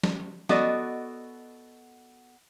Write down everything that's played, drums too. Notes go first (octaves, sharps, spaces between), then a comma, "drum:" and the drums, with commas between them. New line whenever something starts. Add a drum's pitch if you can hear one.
drum: snare
B3 F#4 A4 D5 D#5, drum: snare